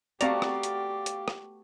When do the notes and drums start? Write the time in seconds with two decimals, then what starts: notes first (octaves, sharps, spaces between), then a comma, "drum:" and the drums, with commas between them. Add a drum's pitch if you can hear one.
0.21 A3 B3 C4 F#4 G4 D5 F5 A#5, drum: hi-hat
0.42 drum: rim click
0.63 drum: hi-hat
1.06 drum: hi-hat
1.28 drum: rim click